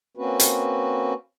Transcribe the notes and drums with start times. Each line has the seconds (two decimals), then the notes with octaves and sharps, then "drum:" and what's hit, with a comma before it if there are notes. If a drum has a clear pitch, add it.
0.17 A#3 C4 C#4 F#4 B4
0.40 drum: hi-hat